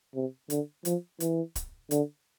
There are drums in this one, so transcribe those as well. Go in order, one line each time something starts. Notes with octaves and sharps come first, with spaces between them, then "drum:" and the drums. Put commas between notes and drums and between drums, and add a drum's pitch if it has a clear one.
C3
D3, drum: hi-hat
F3, drum: hi-hat
E3, drum: hi-hat
drum: kick, hi-hat
D3, drum: hi-hat